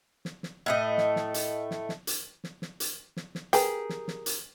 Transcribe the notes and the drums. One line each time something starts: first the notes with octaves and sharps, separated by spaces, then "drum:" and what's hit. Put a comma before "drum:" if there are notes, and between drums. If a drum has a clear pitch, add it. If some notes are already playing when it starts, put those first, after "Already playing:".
drum: snare
drum: snare
A2 A3 D#5
drum: snare
drum: snare
drum: hi-hat
drum: snare
drum: snare
drum: hi-hat
drum: snare
drum: snare
drum: hi-hat
drum: snare
drum: snare
G4 G#4 A#4 B4 G5, drum: hi-hat
drum: snare
drum: snare
drum: hi-hat